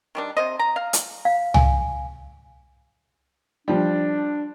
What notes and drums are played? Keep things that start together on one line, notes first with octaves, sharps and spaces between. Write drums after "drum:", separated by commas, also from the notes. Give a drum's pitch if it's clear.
D#3 G3 D4
C3 C5 D#5
A#5
F5
drum: hi-hat
F5
G#5, drum: tom
F3 G3 D4